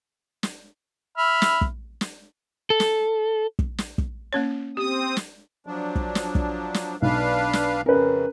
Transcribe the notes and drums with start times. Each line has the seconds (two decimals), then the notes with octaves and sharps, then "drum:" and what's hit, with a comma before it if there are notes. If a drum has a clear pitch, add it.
0.43 drum: snare
1.18 E5 B5 F6
1.42 drum: snare
1.61 drum: kick
2.01 drum: snare
2.70 A4
2.80 drum: snare
3.59 drum: kick
3.78 drum: snare
3.98 drum: kick
4.33 A#3 C#4 C#5
4.77 C4 G4 D#6
5.17 drum: snare
5.67 F3 F#3 D4
5.95 drum: kick
6.15 drum: snare
6.35 drum: kick
6.74 drum: snare
7.02 B1 D4 B4 F5
7.53 drum: snare
7.86 F2 C#3 C#4 A#4 B4